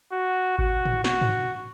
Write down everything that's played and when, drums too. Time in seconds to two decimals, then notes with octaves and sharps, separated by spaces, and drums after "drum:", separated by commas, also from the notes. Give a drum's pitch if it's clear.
0.12 F#4
0.59 F#4, drum: kick G#1
0.85 drum: tom G#2
1.04 F#4, drum: snare
1.21 drum: tom G2